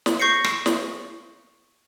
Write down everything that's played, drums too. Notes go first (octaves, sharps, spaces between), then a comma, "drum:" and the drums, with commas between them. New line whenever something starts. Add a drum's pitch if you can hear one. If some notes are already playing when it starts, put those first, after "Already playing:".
drum: snare
C#6 G6 A#6 C7 C#7
drum: rim click
drum: snare